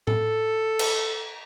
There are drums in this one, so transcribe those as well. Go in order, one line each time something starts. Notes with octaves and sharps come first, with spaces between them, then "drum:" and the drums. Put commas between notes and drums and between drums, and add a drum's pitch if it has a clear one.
A4, drum: tom A2
drum: cymbal